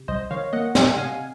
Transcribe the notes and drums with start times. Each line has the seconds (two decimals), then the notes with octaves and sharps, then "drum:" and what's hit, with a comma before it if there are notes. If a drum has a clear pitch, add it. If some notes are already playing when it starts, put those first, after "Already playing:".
Already playing: C3
0.08 C2 C5 D#5
0.31 D#3 C#5 F5
0.53 A#3 D#5 F#5
0.75 D#3 D#5 F#5, drum: snare
0.98 C3 F5 G#5